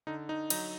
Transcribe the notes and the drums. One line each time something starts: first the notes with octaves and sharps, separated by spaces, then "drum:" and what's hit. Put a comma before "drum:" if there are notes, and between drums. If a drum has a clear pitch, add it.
D3 D#4
D#4
F#3 D#4, drum: cymbal